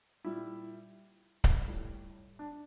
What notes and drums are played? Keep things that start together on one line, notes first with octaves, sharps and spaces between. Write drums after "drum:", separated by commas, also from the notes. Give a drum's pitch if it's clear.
A#2 G3 E4
drum: kick C#1
A2 G3
D4